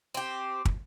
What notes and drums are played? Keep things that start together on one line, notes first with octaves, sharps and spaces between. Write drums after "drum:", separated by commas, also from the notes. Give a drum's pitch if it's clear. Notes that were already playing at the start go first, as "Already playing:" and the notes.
C4 G4
drum: kick